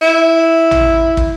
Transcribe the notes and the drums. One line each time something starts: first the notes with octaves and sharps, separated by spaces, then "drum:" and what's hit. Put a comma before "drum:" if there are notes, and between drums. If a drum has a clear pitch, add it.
E4
drum: tom A1
drum: kick